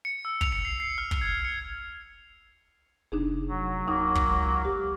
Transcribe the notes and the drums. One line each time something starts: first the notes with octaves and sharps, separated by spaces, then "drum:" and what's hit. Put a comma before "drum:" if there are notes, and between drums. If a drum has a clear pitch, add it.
C#7
E6
F7, drum: kick
C#7
C7
C7
F6
drum: kick
G#6
C#7
F1 D4 D#4 G#4
F#3
D#2 A#3 D#4 D#6
drum: kick
C#2
G4